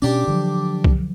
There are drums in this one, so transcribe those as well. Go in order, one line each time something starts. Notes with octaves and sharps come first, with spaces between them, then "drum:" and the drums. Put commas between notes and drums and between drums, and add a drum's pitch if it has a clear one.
B2 C#4 D4 G4 D5
D3 F3 F#3
drum: kick